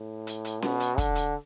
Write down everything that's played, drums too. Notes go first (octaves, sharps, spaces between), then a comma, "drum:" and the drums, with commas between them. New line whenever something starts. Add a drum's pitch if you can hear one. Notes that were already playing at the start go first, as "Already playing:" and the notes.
Already playing: A2
drum: hi-hat
drum: hi-hat
B2, drum: snare C#4
drum: hi-hat
D3, drum: kick, hi-hat
drum: hi-hat